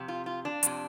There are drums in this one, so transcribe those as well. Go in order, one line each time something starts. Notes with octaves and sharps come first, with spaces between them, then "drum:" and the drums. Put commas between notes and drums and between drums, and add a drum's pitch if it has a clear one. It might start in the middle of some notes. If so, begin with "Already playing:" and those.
Already playing: F2 C3
F4
F4
D4
F2 C3, drum: hi-hat